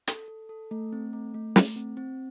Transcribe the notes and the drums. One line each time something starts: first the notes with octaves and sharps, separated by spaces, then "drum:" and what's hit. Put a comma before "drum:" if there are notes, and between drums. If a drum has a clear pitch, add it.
A4, drum: hi-hat
A4
A4
A3
C4
A3
A3
A3, drum: snare
C4
C4